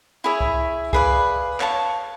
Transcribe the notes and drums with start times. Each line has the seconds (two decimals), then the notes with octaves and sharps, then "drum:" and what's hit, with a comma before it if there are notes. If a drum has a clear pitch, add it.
0.24 E4 G#4 C#5 E5
0.40 drum: kick C2
0.93 G#4 B4 D5 F5, drum: kick C2
1.60 C#5 F5 A5 C#6, drum: clap